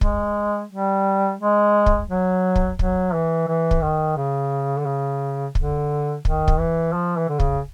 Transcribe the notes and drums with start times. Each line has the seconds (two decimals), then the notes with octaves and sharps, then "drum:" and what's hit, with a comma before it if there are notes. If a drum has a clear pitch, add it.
0.01 G#3, drum: kick
0.72 G3
1.40 G#3
1.86 drum: kick
2.09 F#3
2.56 drum: kick
2.79 F#3, drum: kick
3.13 E3
3.48 E3
3.71 drum: kick
3.82 D#3
4.17 C#3
4.79 D3
4.86 C#3
5.55 D3, drum: kick
6.25 D#3, drum: kick
6.48 drum: kick
6.59 E3
6.93 F3
7.17 E3
7.29 D3
7.40 C#3, drum: kick